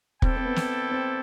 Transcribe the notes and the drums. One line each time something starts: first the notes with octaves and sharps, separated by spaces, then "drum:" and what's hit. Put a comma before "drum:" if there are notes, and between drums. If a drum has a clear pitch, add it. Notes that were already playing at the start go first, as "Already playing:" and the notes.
C4 E4 A4 D5 G5, drum: kick
C4
B3
drum: snare
C4